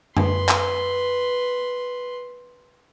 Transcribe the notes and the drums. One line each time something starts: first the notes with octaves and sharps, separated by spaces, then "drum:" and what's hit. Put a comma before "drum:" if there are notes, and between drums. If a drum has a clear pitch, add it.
B4 C6, drum: tom F#2
drum: clap